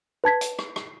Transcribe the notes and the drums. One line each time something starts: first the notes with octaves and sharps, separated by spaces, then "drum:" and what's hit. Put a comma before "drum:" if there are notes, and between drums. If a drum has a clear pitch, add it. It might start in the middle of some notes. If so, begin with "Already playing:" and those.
B4 A5 G#6 B6
drum: hi-hat
drum: rim click
drum: rim click